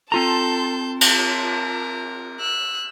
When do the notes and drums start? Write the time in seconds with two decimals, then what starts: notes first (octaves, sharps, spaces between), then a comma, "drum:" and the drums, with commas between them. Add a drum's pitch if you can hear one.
0.12 C4 F4 A4 A5 A#5 C6 G6
1.01 A#4 A5, drum: cymbal
2.40 E6 F#6